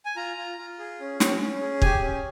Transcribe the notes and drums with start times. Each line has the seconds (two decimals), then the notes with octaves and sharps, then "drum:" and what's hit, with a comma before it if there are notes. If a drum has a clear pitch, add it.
0.05 G#5
0.16 F4 A#5
0.37 F4
0.58 F4
0.79 G#4
1.00 C#4
1.20 C#4, drum: snare
1.41 C#4
1.61 G#4
1.82 G4 G#5, drum: kick
2.02 C#4